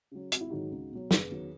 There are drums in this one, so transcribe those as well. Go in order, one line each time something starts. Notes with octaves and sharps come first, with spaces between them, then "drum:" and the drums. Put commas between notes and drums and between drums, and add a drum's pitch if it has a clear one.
C#3 F#3
G#1 F#4, drum: hi-hat
E4
G#2 D#3 F#3 D#4 F#4
C#2
B2 F#3
F#1 G#4 B4, drum: snare
E2 D#3 F#3